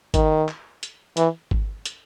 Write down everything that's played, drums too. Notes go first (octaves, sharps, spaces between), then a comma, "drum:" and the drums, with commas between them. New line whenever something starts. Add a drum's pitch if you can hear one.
D#3, drum: kick, hi-hat
drum: clap
drum: hi-hat
E3, drum: hi-hat
drum: kick
drum: hi-hat